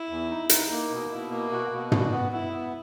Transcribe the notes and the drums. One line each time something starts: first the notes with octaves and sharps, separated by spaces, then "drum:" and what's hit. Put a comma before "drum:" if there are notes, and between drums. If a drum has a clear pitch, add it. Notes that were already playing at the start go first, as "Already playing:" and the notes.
Already playing: E4
E2
D#4
D#4, drum: hi-hat
A#3
B2
B2 E4
A#3
B2 F#4
B2
A#2 F#4, drum: tom
B3
B3 E4
B3